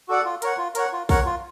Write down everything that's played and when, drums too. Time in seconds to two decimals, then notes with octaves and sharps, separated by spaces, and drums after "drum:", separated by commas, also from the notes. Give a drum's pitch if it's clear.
0.08 F#4 A4 D5 F#5
0.25 F4
0.42 A#4 C#5 F#5, drum: hi-hat
0.58 F4
0.75 A#4 C#5 F#5, drum: hi-hat
0.93 F4
1.09 A#4 C#5 F#5, drum: kick A#1, open hi-hat
1.25 F4